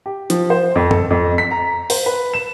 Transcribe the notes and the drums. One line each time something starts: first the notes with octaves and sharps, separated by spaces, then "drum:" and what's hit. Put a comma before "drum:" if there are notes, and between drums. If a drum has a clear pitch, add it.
G4
F3, drum: hi-hat
C5
F2
A4, drum: tom F#2
F2
B6
A#5
C5, drum: open hi-hat
B4
E7